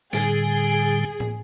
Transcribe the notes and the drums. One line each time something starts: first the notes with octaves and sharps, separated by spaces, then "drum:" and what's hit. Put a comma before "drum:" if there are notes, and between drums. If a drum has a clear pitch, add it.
A2 D3 G3 G#4, drum: snare
drum: tom A2